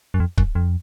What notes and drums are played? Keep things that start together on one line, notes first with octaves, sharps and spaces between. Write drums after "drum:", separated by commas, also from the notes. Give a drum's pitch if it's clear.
F#2
F2
F#2, drum: kick C#1
F2